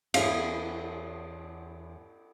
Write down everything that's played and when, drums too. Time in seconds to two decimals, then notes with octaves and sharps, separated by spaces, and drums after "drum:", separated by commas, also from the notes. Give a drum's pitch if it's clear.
0.14 E2 G#4 C#5 E5 F5, drum: cymbal